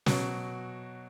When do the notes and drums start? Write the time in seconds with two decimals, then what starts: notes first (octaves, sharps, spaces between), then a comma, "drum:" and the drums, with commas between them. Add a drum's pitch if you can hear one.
0.06 B2 F#3 F#4, drum: snare